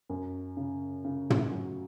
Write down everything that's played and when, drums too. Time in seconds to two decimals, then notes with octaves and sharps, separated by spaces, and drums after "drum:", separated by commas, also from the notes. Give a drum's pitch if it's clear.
0.09 F#2
0.57 C#3
1.05 C#3
1.30 drum: tom
1.51 F#3